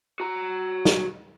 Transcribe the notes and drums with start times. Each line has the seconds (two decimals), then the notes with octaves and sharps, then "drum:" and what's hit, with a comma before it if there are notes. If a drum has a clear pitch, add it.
0.20 F#4 A#5
0.85 drum: snare